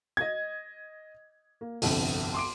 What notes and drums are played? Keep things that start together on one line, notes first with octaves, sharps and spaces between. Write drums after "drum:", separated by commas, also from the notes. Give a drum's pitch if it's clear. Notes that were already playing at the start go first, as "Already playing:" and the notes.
D#5 G#6
A#3
G1 C2 F2 D3, drum: open hi-hat
C6 D6 D7